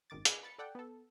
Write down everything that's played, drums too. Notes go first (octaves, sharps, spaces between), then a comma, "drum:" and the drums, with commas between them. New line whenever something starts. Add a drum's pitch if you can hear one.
G#1 F#2 D#3 D6 A6
G#4 B4 D5 D#5 G#5, drum: hi-hat
B5 A6 C#7
A4 D5 F#5 G5
B3 A4